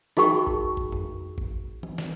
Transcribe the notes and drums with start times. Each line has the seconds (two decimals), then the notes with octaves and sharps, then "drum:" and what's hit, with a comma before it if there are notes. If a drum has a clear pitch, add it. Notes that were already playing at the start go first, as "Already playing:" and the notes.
0.17 D#4 F#4 G#4 A#4 G5 C#6, drum: snare
0.47 drum: kick G#1
0.77 drum: kick G#1
0.92 drum: tom F2
1.38 drum: kick G#1
1.83 drum: tom E3
1.98 drum: snare